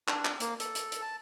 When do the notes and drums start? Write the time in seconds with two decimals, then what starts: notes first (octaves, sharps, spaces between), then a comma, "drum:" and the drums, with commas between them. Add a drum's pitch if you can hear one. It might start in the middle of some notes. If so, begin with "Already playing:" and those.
0.08 D4, drum: clap
0.25 drum: clap
0.40 A#3, drum: hi-hat
0.60 A4, drum: hi-hat
0.75 drum: hi-hat
0.92 drum: hi-hat
1.01 A5